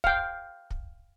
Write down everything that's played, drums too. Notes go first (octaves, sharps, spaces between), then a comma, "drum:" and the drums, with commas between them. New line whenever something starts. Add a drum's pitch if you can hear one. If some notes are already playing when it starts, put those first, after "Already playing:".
F5 G5, drum: kick
drum: kick